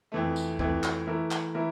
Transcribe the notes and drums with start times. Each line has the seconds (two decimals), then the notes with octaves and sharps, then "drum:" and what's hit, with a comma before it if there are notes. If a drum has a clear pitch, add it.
0.12 F2 E3 A3
0.36 drum: tambourine
0.59 F2 E3 A3, drum: kick
0.83 drum: clap
1.07 E3 A3 E4 A#4
1.31 drum: clap
1.55 E3 A3 E4 A#4